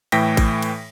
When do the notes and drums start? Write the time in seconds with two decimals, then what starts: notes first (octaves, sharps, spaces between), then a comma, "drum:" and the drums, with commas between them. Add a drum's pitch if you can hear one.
0.12 A2 E3 A3 G5 A#6 B6, drum: cymbal
0.37 drum: kick A1, cymbal
0.62 drum: cymbal